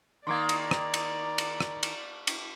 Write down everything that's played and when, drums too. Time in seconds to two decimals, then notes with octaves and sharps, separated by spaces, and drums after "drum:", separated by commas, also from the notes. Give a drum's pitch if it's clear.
0.27 D#3 A#3 D5 A#5 C6 D6 G#6
0.49 drum: cymbal
0.71 drum: rim click
0.94 drum: cymbal
1.38 drum: cymbal
1.60 drum: rim click
1.83 drum: cymbal
2.27 drum: cymbal